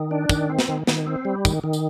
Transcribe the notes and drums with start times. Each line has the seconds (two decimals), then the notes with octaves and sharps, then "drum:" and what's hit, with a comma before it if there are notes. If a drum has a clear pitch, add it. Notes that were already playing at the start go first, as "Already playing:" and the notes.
Already playing: D#3
0.11 D4
0.29 D#3, drum: kick, tambourine
0.49 C4
0.59 drum: snare
0.69 D#3
0.87 D#3, drum: snare
1.07 C4
1.25 G3
1.45 D#3, drum: kick, tambourine
1.64 D#3
1.73 drum: tambourine